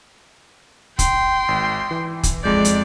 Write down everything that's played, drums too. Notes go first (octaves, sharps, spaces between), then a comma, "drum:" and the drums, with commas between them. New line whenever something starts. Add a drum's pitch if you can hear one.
G5 C6, drum: kick, hi-hat
G#1
E3
drum: kick, hi-hat
F2 G#3 D5 G6
drum: hi-hat